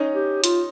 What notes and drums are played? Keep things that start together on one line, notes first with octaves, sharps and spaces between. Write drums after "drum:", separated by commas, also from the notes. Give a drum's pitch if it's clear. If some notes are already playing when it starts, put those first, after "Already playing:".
Already playing: C#4 D#4
G4
F4, drum: hi-hat